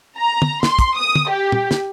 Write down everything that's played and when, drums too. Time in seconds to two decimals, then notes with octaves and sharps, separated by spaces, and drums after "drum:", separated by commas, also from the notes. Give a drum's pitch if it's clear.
0.17 A#5
0.42 drum: tom
0.63 C6, drum: snare
0.79 drum: kick, hi-hat
0.97 D#6
1.15 drum: tom
1.30 G4
1.52 drum: tom
1.71 drum: snare